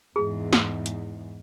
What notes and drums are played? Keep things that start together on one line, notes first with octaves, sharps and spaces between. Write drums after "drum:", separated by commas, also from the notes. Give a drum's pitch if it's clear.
E2 G#2 G#4
drum: snare
drum: hi-hat